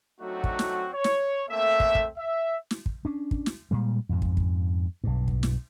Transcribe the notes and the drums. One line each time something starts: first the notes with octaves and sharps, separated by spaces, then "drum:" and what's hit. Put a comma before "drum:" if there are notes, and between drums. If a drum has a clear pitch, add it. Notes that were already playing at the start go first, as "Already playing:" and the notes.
F#3 A3 C4 D4 D#4 F#4
drum: kick
drum: snare
C#5
drum: snare
A3 A#3 C4 A4 E5
drum: kick
drum: kick
E5
drum: snare
drum: kick
C#4 D4
drum: kick
drum: snare
A#2 G3 G#3
F2 G#2
drum: kick
drum: kick
B1 G2
drum: kick
drum: snare